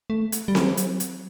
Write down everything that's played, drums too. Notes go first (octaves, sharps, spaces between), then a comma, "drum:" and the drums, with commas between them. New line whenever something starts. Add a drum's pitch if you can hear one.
A3
drum: hi-hat
G3
F#3, drum: snare C4
drum: hi-hat
drum: hi-hat